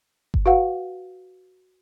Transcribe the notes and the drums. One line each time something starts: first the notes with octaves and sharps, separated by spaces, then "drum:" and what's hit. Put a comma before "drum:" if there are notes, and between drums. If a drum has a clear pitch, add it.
drum: kick G1
F#4 B4 F5 F#5